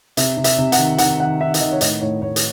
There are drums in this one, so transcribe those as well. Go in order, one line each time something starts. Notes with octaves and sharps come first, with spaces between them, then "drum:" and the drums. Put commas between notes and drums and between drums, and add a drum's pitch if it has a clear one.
C3 E5, drum: hi-hat
C3
E5, drum: hi-hat
C3
F#5, drum: hi-hat
D#3
D#3 F#5, drum: hi-hat
D#3 F#5
D#3 E5
E5, drum: hi-hat
D#3 D#5
C#5
A2 D#5, drum: hi-hat
A2 C#5
A2 C#5
drum: hi-hat